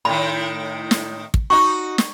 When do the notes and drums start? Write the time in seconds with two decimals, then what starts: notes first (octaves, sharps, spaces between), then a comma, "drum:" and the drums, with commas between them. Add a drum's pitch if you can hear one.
0.05 A2 D#3 B5
0.91 drum: snare
1.34 drum: kick
1.50 D#4 F#4 C#6
1.98 drum: snare